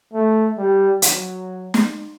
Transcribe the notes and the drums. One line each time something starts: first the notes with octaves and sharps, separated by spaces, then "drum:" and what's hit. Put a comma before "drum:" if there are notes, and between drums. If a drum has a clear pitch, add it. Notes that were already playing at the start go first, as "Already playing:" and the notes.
A3
G3
F#3, drum: hi-hat
drum: snare